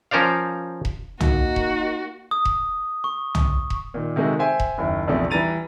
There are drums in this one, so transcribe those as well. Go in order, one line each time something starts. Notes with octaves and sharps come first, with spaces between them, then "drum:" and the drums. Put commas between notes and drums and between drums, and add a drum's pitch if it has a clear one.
F3 C#4 A#4 C5 D5 F5
drum: kick E1
A#3 D#4 F#4, drum: tom
drum: kick E1
D#6
drum: kick E1
C#6
drum: tom
drum: kick E1
A#2 D#3
C3 D#3 G#3 A3 F#4
C5 E5 G5 G#5
drum: kick E1
F#1 D#2 E4
A#1 E2 C3 A3 A4
E3 G3 A#5 A6 D#7 F7